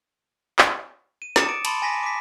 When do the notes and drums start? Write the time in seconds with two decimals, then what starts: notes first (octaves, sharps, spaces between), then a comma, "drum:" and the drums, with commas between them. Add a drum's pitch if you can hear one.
0.59 drum: clap
1.22 D#7
1.36 D6 D#6 A6 C#7 E7, drum: snare
1.49 D7
1.65 A5 B5 C6 A6, drum: cymbal
1.82 G#5 A#6 B6
2.03 D6 B6